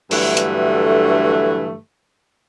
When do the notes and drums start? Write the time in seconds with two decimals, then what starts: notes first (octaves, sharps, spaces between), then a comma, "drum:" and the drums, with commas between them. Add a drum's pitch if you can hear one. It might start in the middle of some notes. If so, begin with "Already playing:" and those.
0.11 G2 D3 E3 F#3 A3, drum: open hi-hat
0.37 drum: hi-hat